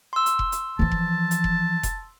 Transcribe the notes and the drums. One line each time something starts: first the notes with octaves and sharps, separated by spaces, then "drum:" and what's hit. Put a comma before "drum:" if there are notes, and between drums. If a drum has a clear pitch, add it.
C6 E6
drum: hi-hat
drum: kick F1
drum: hi-hat
E3 F3 A5
drum: kick F1
drum: hi-hat
drum: kick F1
drum: kick F1, hi-hat